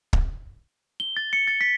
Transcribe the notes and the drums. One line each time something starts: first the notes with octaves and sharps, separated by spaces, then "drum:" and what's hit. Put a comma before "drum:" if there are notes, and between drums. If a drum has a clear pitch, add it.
drum: kick
G7
A6
C#7
A6
B6